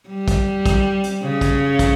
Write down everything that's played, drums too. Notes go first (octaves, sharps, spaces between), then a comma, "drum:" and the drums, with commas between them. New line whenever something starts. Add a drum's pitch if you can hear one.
G3
drum: kick, hi-hat
drum: kick, hi-hat
drum: hi-hat
C#3
drum: kick, hi-hat
drum: kick, hi-hat